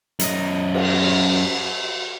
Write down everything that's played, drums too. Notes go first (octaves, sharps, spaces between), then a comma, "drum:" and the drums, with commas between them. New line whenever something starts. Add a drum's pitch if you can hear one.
F#2 D#5, drum: hi-hat
drum: cymbal